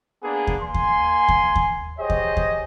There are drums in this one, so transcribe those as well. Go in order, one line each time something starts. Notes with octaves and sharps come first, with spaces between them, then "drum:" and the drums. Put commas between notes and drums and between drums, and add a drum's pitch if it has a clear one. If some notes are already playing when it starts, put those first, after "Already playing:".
A#3 B3 D4 G#4
drum: kick D#2
A#3 G#5 C6
drum: kick D#2
drum: kick D#2
drum: kick D#2
G4 G#4 C5 C#5 D#5
drum: kick D#2
drum: kick D#2